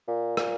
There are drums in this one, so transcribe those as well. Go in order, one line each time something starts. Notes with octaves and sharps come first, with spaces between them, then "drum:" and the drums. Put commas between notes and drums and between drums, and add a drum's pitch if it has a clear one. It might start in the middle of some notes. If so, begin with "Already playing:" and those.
A#2
A#2, drum: rim click